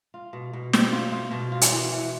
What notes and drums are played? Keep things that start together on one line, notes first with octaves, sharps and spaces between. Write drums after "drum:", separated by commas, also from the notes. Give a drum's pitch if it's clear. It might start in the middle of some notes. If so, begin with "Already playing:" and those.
F4
B2
B2
C4, drum: snare
F4
F4
B2
F4
drum: hi-hat
E3
E3